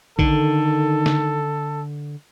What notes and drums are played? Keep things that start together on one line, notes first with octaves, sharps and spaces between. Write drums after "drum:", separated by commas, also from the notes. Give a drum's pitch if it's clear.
D3 D#3 A4, drum: kick A1
drum: snare